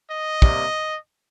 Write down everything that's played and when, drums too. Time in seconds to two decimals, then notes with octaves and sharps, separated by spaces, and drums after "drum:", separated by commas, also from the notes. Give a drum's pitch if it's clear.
0.11 D#5
0.42 C3 G3 A#3, drum: kick